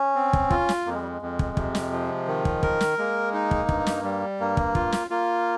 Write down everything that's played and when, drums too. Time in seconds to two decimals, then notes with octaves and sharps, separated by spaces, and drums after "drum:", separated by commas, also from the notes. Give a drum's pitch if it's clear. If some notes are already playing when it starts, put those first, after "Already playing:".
Already playing: C#4
0.16 C4
0.33 drum: kick
0.51 F4, drum: kick
0.69 drum: snare
0.86 F2 A#3
0.93 G#3
1.01 G3
1.08 G#3
1.22 F2
1.39 drum: kick
1.57 C3, drum: kick
1.75 drum: snare
1.92 F3
2.28 D#3
2.45 drum: kick
2.63 A#4, drum: kick
2.81 drum: snare
2.98 G#3 A#3
3.33 D#4
3.51 drum: kick
3.69 G2, drum: kick
3.87 drum: snare
4.04 G3
4.40 G2 A#3
4.57 drum: kick
4.75 F4, drum: kick
4.92 drum: snare
5.10 A#3 F4